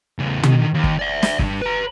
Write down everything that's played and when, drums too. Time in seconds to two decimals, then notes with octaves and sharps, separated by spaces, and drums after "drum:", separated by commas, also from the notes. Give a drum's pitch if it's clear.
0.19 E2 C#3
0.43 D3 D#3, drum: tom
0.74 D#2
0.84 drum: kick
0.99 D5 E5
1.23 drum: snare
1.39 E2 G2, drum: kick
1.61 B4 A#5